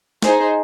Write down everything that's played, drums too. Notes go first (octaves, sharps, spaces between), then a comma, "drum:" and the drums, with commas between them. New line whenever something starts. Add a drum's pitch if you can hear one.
D#4 G#4 C5, drum: snare